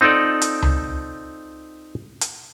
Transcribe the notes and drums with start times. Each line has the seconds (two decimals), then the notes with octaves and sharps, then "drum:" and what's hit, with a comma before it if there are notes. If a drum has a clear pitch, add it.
0.01 C4 D#4 F4 A4 D5
0.42 drum: hi-hat
0.62 drum: tom C#2
2.21 drum: hi-hat